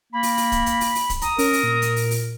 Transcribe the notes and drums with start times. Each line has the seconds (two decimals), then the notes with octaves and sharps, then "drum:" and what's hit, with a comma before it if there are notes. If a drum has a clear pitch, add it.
0.13 A#3 B5
0.23 drum: open hi-hat
0.37 drum: open hi-hat
0.52 drum: kick, hi-hat
0.66 drum: hi-hat
0.81 drum: open hi-hat
0.95 drum: open hi-hat
1.10 drum: kick, hi-hat
1.21 A#5 D#6, drum: hi-hat
1.38 C#4 A#4, drum: open hi-hat
1.53 drum: open hi-hat
1.63 A#2
1.82 drum: hi-hat
1.96 drum: open hi-hat
2.11 drum: open hi-hat